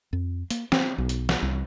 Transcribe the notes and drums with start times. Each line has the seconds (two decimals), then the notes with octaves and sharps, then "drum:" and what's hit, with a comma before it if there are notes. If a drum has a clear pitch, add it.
0.13 F2
0.50 A#3, drum: hi-hat
0.72 C4, drum: snare
0.98 B1
1.09 drum: hi-hat
1.29 drum: snare
1.42 C2